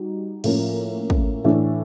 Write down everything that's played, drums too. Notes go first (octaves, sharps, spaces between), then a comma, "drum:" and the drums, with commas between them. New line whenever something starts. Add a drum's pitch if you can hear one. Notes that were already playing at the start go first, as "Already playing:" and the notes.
Already playing: G3 D#4 F#4
A2 F3 A#3 C#4, drum: cymbal
drum: kick
A2 E3 A3 D4